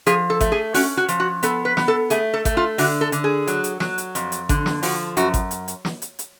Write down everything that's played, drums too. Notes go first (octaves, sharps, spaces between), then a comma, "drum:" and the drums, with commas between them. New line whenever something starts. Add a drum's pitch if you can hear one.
F3 G#4, drum: hi-hat
A4
A3, drum: kick G#1, hi-hat
G#4
C#4 F#4, drum: open hi-hat
F#4
F3, drum: hi-hat
F#4
B3 A4, drum: hi-hat
B4
B3, drum: snare
A4
A3 G#4, drum: hi-hat
A4
A3, drum: kick G#1, hi-hat
F4
D3 F#4, drum: open hi-hat
A4
D3, drum: hi-hat
G#4
F#3, drum: hi-hat
drum: hi-hat
F#3, drum: snare
drum: hi-hat
F2, drum: hi-hat
drum: hi-hat
D3, drum: kick G#1, hi-hat
drum: snare
F3 F#4, drum: open hi-hat
F#2 F#4, drum: hi-hat
drum: kick G#1, hi-hat
drum: hi-hat
drum: hi-hat
drum: snare
drum: hi-hat
drum: hi-hat